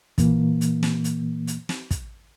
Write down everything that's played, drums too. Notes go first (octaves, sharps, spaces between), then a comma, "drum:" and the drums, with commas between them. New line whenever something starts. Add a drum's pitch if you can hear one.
A#2 E3 A#3, drum: kick, hi-hat
drum: hi-hat
drum: snare
drum: hi-hat
drum: hi-hat
drum: snare
drum: kick, hi-hat